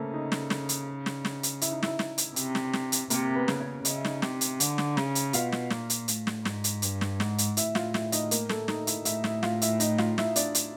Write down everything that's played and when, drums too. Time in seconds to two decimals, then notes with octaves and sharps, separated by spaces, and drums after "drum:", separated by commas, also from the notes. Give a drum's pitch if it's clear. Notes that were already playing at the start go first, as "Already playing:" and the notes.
Already playing: C#3 A3 A#3 C4 A4
0.14 D#4
0.32 drum: snare
0.50 drum: snare
0.69 drum: hi-hat
1.06 drum: snare
1.25 drum: snare
1.43 drum: hi-hat
1.62 E4, drum: hi-hat
1.72 D#4
1.83 E4, drum: snare
1.99 drum: snare
2.18 drum: hi-hat
2.36 C3, drum: hi-hat
2.55 drum: snare
2.73 drum: snare
2.92 drum: hi-hat
3.10 C3 A#3 A#4, drum: hi-hat
3.35 B3 B4
3.48 C#3, drum: snare
3.60 C#4 C#5
3.85 C#3 D#5, drum: hi-hat
3.95 E5
4.05 D#4 D#5, drum: snare
4.22 C3, drum: snare
4.41 drum: hi-hat
4.60 D3, drum: hi-hat
4.78 drum: snare
4.97 C#3, drum: snare
5.15 drum: hi-hat
5.33 B2 F4 F5, drum: hi-hat
5.52 drum: snare
5.70 A#2, drum: snare
5.90 drum: hi-hat
6.08 A2, drum: hi-hat
6.27 drum: snare
6.45 G#2, drum: snare
6.64 drum: hi-hat
6.82 G2, drum: hi-hat
7.01 drum: snare
7.20 G#2, drum: snare
7.38 drum: hi-hat
7.57 A2 E4 E5, drum: hi-hat
7.75 F4 F5, drum: snare
7.94 E4 E5, drum: snare
8.12 D#4 D#5, drum: hi-hat
8.31 A#3 A#4, drum: hi-hat
8.49 A3 A4, drum: snare
8.68 D#4 D#5, drum: snare
8.87 E4 E5, drum: hi-hat
9.05 A2 E4 E5, drum: hi-hat
9.24 E4 E5, drum: snare
9.43 F4 F5, drum: snare
9.62 E4 E5, drum: hi-hat
9.80 D#4 D#5, drum: hi-hat
9.98 F4 F5, drum: snare
10.18 E4 E5, drum: snare
10.36 D4 D5, drum: hi-hat
10.55 drum: hi-hat